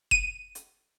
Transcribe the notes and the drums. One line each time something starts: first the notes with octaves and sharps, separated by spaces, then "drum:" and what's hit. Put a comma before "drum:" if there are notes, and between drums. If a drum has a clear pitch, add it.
D#7, drum: kick F1
drum: hi-hat